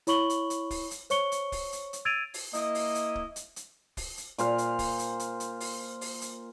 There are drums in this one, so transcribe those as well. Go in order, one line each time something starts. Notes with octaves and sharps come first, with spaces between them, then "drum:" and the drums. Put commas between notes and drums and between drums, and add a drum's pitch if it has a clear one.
E4 C#5 B5 C#6 F#7 G7, drum: hi-hat
drum: hi-hat
drum: hi-hat
drum: kick, open hi-hat
drum: hi-hat
C5 C#5 C#6 C#7 G7, drum: hi-hat
drum: hi-hat
drum: kick, open hi-hat
drum: hi-hat
drum: hi-hat
E6 G#6 A6 D7 D#7 F7
drum: open hi-hat
A#3 E4 D#5, drum: hi-hat
drum: open hi-hat
drum: hi-hat
drum: kick
drum: hi-hat
drum: hi-hat
drum: kick, open hi-hat
drum: hi-hat
A#2 C5 F5, drum: hi-hat
drum: hi-hat
drum: kick, open hi-hat
drum: hi-hat
drum: hi-hat
drum: hi-hat
drum: open hi-hat
drum: open hi-hat
drum: hi-hat